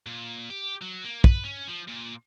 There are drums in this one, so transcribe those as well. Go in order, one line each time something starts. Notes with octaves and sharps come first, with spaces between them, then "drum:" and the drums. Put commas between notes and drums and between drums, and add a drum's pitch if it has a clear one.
A#2
G4
F#3
A#3
B4, drum: kick
C#4
F3
A#2